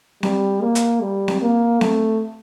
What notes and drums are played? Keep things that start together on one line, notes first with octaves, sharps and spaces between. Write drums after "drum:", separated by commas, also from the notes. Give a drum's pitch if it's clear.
G3, drum: snare C4
A#3
drum: hi-hat
G3
drum: snare C4
A#3
A3, drum: snare C4